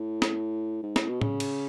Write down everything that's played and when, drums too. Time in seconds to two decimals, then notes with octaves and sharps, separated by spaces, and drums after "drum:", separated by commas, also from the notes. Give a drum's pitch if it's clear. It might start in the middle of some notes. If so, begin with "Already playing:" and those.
Already playing: A2
0.22 drum: snare
0.83 G#2
0.96 A2, drum: snare
1.09 B2
1.21 C#3, drum: tom A2
1.40 drum: cymbal